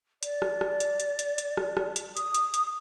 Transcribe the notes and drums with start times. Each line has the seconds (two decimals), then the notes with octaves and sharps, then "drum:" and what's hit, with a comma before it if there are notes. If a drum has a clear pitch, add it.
0.23 D5, drum: hi-hat
0.42 drum: rim click
0.61 drum: rim click
0.80 drum: hi-hat
1.00 drum: hi-hat
1.19 drum: hi-hat
1.38 drum: hi-hat
1.57 drum: rim click
1.77 drum: rim click
1.96 drum: hi-hat
2.17 D#6, drum: hi-hat
2.34 drum: hi-hat
2.54 drum: hi-hat